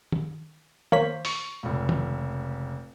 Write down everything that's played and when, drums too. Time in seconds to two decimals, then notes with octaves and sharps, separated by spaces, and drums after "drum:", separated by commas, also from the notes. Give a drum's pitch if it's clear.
0.12 drum: tom
0.92 A#3 C5 C#5 B6 F#7, drum: tom D#3
1.25 C#6, drum: open hi-hat
1.63 F1 C#2
1.89 drum: tom